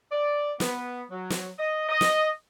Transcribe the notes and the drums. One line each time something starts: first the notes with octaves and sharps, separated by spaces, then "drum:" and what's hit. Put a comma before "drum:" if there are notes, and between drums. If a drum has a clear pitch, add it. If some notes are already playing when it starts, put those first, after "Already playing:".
D5
B3, drum: snare
F#3
drum: snare
D#5
D#5
drum: snare